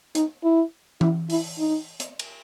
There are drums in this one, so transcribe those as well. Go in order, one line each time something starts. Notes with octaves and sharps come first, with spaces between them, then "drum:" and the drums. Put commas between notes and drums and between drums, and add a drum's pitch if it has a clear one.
D#4, drum: hi-hat
E4
E4, drum: tom E3
E4, drum: open hi-hat
D#4
drum: hi-hat
drum: cymbal